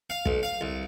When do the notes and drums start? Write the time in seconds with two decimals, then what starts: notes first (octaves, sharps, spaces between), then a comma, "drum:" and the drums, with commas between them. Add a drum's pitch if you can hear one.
0.10 F5
0.26 B1, drum: kick
0.43 F5
0.61 C2